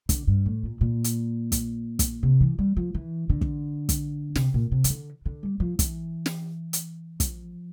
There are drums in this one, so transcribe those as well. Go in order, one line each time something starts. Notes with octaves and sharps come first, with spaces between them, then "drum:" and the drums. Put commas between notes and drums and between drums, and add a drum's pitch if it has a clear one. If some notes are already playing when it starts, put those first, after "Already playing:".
D3, drum: kick, hi-hat
G2
A2
A#2
A#2
drum: hi-hat
drum: kick, hi-hat
drum: kick, hi-hat
C3
E3
G3
F3
E3
D3
drum: kick
drum: kick, hi-hat
C3, drum: snare
A#2
C3
E3, drum: hi-hat
D3
D3
G3
F3
E3, drum: kick, hi-hat
drum: snare
drum: hi-hat
F3, drum: kick, hi-hat